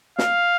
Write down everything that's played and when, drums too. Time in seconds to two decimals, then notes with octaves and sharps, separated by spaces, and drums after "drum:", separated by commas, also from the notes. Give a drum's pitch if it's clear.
0.19 F5, drum: snare